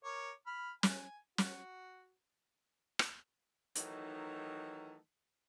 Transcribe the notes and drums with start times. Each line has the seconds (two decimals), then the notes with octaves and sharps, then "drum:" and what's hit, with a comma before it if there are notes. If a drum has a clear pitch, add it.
0.04 A#4 C#5 D6
0.46 B5 F6
0.83 G#5, drum: snare
1.38 F#4, drum: snare
2.99 drum: rim click
3.75 D#3 E3 F#3 A3 D#4, drum: hi-hat